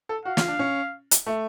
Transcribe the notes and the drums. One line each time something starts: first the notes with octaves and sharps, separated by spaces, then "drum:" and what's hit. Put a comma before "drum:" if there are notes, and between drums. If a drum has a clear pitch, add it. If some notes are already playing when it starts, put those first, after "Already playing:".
A4
F#4 F5
F4, drum: snare
D4
C#4
drum: hi-hat
A3